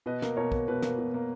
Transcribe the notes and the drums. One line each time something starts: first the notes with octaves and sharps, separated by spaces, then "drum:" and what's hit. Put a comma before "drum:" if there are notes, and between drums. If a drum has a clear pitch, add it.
B2 B4 D#5
A#3, drum: snare
B2 A#4 C#5
A#3, drum: kick
B2 B4
A#3, drum: snare
B2
A#3